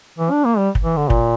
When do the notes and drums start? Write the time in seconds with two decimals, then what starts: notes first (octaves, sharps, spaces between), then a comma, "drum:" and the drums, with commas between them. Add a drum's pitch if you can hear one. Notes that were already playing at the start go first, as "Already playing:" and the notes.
0.18 E3
0.31 D4
0.45 A#3
0.58 G3
0.75 drum: kick
0.84 E3
0.97 D3
1.10 A#2, drum: kick